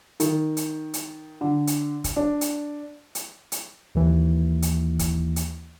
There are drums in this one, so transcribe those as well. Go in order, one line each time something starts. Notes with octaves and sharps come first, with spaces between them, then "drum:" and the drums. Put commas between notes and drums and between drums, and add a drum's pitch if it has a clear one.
D#3, drum: hi-hat
drum: hi-hat
drum: hi-hat
D3
drum: hi-hat
drum: kick, hi-hat
D4
drum: hi-hat
drum: hi-hat
drum: hi-hat
D#2 E3
drum: hi-hat
drum: kick, hi-hat
drum: hi-hat